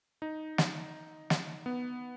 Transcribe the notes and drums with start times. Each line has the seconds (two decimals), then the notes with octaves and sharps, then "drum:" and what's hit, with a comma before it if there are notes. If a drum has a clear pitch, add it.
0.22 D#4
0.58 drum: snare
1.30 drum: snare
1.66 B3